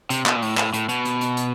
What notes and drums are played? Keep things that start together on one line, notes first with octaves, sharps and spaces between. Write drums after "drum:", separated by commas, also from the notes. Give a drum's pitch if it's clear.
C3, drum: hi-hat
B2, drum: clap
A#2
A2, drum: open hi-hat
A2, drum: clap
A2, drum: hi-hat
B2, drum: hi-hat
drum: hi-hat
drum: hi-hat
drum: hi-hat